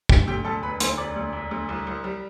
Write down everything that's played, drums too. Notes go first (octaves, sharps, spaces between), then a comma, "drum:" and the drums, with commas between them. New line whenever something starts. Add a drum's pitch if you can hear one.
C3 G4 G5, drum: kick
D2 G4 G5
D2 A4 A5
E1 B4 B5
D2 C5 C6, drum: hi-hat
E1 D5 D6
D2
E1
D2
C2
C2
G3